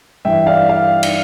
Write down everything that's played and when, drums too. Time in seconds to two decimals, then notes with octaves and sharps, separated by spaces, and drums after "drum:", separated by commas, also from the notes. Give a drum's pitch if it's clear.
0.25 G2 E3 E5 G5
0.46 D5 F5
0.69 D5 F5
1.03 drum: cymbal